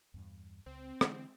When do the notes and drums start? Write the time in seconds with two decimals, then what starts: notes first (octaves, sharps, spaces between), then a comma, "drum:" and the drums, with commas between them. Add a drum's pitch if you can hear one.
0.14 E2 G2
0.66 C#2 C4
1.01 D3 E3, drum: rim click